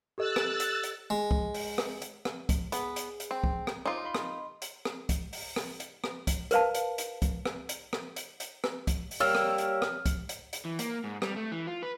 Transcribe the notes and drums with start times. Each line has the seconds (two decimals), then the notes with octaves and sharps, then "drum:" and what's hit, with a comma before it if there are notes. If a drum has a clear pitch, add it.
0.18 G4 A4 D#5 E6 F#6 A6
0.36 drum: rim click
0.60 drum: hi-hat
0.84 drum: hi-hat
1.10 G#3
1.31 drum: kick C2
1.54 drum: open hi-hat
1.78 drum: rim click
2.02 drum: hi-hat
2.25 drum: rim click
2.49 drum: kick C2, hi-hat
2.72 B3 G#4, drum: hi-hat
2.96 drum: hi-hat
3.20 drum: hi-hat
3.31 C4
3.44 drum: kick C2
3.67 drum: rim click
3.86 D#4 F4 C5 D6
4.04 D#5 B5 C6
4.15 drum: rim click
4.62 drum: hi-hat
4.85 drum: rim click
5.09 drum: kick C2, hi-hat
5.33 drum: open hi-hat
5.56 drum: rim click
5.80 drum: hi-hat
6.04 drum: rim click
6.27 drum: kick C2, hi-hat
6.51 A#4 B4 F5 A5, drum: hi-hat
6.75 drum: hi-hat
6.98 drum: hi-hat
7.22 drum: kick C2, hi-hat
7.46 drum: rim click
7.69 drum: hi-hat
7.93 drum: rim click
8.16 drum: hi-hat
8.40 drum: hi-hat
8.64 drum: rim click
8.87 drum: kick C2, hi-hat
9.11 drum: open hi-hat
9.20 G3 A#3 C#5 E6 F6
9.35 drum: rim click
9.58 drum: hi-hat
9.82 drum: rim click
10.06 drum: kick C2, hi-hat
10.29 drum: hi-hat
10.53 drum: hi-hat
10.65 E3
10.79 A#3, drum: hi-hat
11.04 G#2
11.22 G3, drum: rim click
11.36 A3
11.52 E3
11.67 F4
11.82 B4